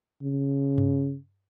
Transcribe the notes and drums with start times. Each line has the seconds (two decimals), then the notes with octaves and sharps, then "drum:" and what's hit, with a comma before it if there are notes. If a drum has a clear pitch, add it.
0.23 C#3
0.78 drum: tom G2